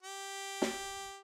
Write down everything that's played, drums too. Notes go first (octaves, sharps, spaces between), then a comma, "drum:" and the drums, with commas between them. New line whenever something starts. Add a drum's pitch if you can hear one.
G4
drum: snare